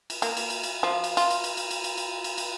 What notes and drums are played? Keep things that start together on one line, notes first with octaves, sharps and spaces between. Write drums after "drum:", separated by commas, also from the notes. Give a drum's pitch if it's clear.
drum: cymbal
A#3, drum: cymbal
drum: cymbal
drum: cymbal
drum: cymbal
F3
drum: cymbal
F4, drum: cymbal
drum: cymbal
drum: cymbal
drum: cymbal
drum: cymbal
drum: cymbal
drum: cymbal
drum: cymbal
drum: cymbal